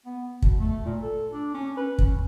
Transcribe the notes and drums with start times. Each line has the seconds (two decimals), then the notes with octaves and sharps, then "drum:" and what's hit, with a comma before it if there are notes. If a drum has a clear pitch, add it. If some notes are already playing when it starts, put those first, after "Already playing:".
0.06 B3
0.42 B2, drum: kick
0.58 A3
0.85 A#2
1.03 A4
1.32 D4
1.54 C#4
1.77 B4
1.99 C#4, drum: kick